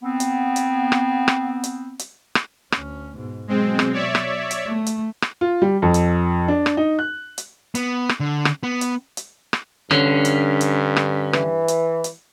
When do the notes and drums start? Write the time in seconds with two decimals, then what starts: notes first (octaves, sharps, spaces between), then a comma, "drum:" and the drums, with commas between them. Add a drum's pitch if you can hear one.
0.03 B3 C4
0.20 drum: hi-hat
0.56 drum: hi-hat
0.92 drum: rim click
1.28 drum: rim click
1.64 drum: hi-hat
1.99 drum: hi-hat
2.35 drum: rim click
2.72 D2 C#4, drum: rim click
3.16 G#2 B2
3.47 B2 F#3 G#3 C4
3.79 drum: rim click
3.92 C#5 D5 E5
4.15 drum: rim click
4.51 drum: hi-hat
4.65 A3
4.86 drum: hi-hat
5.22 drum: rim click
5.41 F4
5.62 G3
5.82 F2
5.94 drum: hi-hat
6.48 D4
6.66 drum: rim click
6.77 D#4
6.99 F#6
7.38 drum: hi-hat
7.75 B3, drum: hi-hat
8.09 drum: rim click
8.20 D3
8.45 drum: rim click
8.63 B3
8.81 drum: hi-hat
9.17 drum: hi-hat
9.53 drum: rim click
9.91 G2 D3 C#4, drum: rim click
10.25 drum: hi-hat
10.61 drum: hi-hat
10.96 drum: rim click
11.33 E3, drum: rim click
11.68 drum: hi-hat
12.04 drum: hi-hat